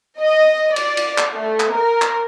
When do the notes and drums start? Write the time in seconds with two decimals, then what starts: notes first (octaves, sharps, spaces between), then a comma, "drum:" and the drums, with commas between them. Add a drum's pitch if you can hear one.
0.20 D#5
0.76 D5, drum: cymbal
0.97 drum: cymbal
1.18 drum: clap
1.31 A3
1.60 drum: clap
1.74 A#4
2.02 drum: clap